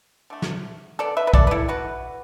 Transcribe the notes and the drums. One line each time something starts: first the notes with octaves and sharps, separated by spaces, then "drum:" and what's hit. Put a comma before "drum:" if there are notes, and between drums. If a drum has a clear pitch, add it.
D3 A3
drum: snare
D3 B3 A4 D5
B4 E5
B4
A4 D5, drum: kick
B4
E4 A4
E3 B3 F#4 B4